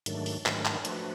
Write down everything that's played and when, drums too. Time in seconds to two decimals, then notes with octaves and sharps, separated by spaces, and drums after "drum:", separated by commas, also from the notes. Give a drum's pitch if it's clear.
0.06 G#2 D#3 F#3 A3 D4, drum: hi-hat
0.26 drum: open hi-hat
0.46 G#2 D#3 F#3 A3 D4, drum: clap
0.65 drum: clap
0.85 F3 A3 D4 F#4 B4, drum: hi-hat